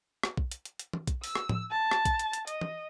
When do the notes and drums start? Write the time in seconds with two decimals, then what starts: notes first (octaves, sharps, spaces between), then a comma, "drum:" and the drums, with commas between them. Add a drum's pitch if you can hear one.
0.23 drum: rim click
0.37 drum: kick
0.51 drum: hi-hat
0.65 drum: hi-hat
0.79 drum: hi-hat
0.93 drum: tom
1.07 drum: kick, hi-hat
1.24 E6, drum: open hi-hat
1.35 drum: rim click
1.49 drum: tom A2
1.71 A5
1.91 drum: rim click
2.05 drum: kick, hi-hat
2.19 drum: hi-hat
2.33 drum: hi-hat
2.47 D#5, drum: hi-hat
2.61 drum: tom